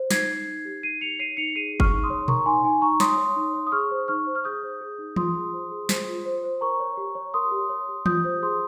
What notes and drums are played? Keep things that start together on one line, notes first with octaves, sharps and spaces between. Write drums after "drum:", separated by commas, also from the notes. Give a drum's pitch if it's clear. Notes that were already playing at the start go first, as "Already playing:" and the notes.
Already playing: C5
D#4 G#6 C7, drum: snare
D#4
D#4
G4
D#4 C7 D#7
D#4 C#7 F7
C#5 C7 D#7
D#4 C#7 F7
G#4 C7 D#7
G#4
C#6 F6, drum: kick F#1
D#4
C6 D#6
C#5
A#4 A#5 C#6, drum: tom A#2
D#4 G#5 C6
D#4 G#5
D#4 A#5 C#6
C#5 C6 D#6, drum: snare
C#5
D#4
C#5
D#6
G#4 C#6 F6
C5
D#4 C#6 F6
C5
F6
G#4 D#6 G6
C5
G#4
D#4
F4 C6 D#6, drum: tom E3
G#4
C5
G#4
C5, drum: snare
F4
C5
C5
A#4 A#5 C#6
C#5
G4
C#5
A#4 C6 D#6
G4
C#5
G4
F4 D#6 G6, drum: tom E3
C5
G#4 C6 D#6